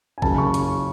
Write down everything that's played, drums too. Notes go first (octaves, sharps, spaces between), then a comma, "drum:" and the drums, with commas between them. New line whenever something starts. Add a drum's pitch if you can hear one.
G#5
F#1 F#2 C#3 A5, drum: kick A1
C#6
drum: hi-hat